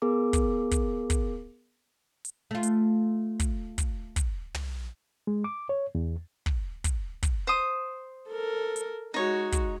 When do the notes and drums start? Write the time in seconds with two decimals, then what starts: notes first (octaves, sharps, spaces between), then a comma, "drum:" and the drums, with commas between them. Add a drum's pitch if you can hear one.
0.02 B3 G#4 A#4 D6
0.33 drum: kick, hi-hat
0.71 drum: kick, hi-hat
1.10 drum: kick, hi-hat
2.25 drum: hi-hat
2.51 A3 F4
2.63 drum: hi-hat
3.40 drum: kick, hi-hat
3.78 drum: kick, hi-hat
4.16 drum: kick, hi-hat
4.54 drum: tom
5.27 G#3
5.44 D6
5.69 C#5
5.95 E2
6.46 drum: kick
6.84 drum: kick, hi-hat
7.23 drum: kick, hi-hat
7.47 C5 D#6
8.30 A4 A#4
8.76 drum: hi-hat
9.14 G#3 D#4 F#4 C#5
9.52 drum: kick, hi-hat